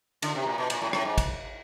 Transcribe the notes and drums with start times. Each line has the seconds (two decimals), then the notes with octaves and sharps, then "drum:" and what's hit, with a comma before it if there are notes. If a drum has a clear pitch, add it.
0.22 D3, drum: cymbal
0.35 C3
0.46 A#2
0.58 B2
0.70 A#2, drum: cymbal
0.82 A2
0.89 A#2
0.93 A2, drum: rim click
1.05 G#2
1.18 drum: kick, cymbal